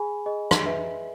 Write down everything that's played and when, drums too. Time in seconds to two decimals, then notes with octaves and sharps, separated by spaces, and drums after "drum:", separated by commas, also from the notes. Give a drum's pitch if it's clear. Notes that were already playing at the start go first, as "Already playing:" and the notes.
Already playing: G#4 G#5 B5
0.26 G#4 D#5
0.51 drum: rim click
0.66 B4 E5